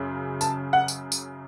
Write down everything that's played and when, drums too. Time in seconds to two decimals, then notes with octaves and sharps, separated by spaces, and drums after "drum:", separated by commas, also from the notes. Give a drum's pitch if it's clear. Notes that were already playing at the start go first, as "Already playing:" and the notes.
Already playing: F#2 C#3
0.41 A5, drum: tambourine
0.73 F#5
0.88 drum: tambourine
1.12 drum: tambourine